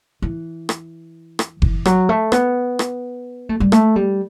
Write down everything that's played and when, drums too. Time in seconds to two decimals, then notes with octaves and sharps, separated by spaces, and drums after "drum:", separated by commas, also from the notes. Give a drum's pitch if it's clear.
0.22 E3
0.69 drum: rim click
1.39 drum: rim click
1.62 E3, drum: kick F#1
1.85 F#3, drum: rim click
2.09 A3
2.32 B3, drum: rim click
2.79 drum: rim click
3.49 A3
3.60 G3
3.72 A3, drum: rim click
3.96 G3